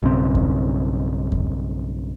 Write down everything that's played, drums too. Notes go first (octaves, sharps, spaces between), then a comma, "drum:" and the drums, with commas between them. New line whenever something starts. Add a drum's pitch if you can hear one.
B1 G2 C#3 C4
drum: kick E2
drum: kick E2